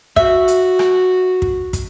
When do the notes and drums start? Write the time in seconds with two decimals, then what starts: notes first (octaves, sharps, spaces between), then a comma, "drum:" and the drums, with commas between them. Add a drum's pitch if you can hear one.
0.16 F#4 E5, drum: kick
0.48 drum: hi-hat
0.79 drum: rim click
1.42 drum: kick
1.73 drum: kick, hi-hat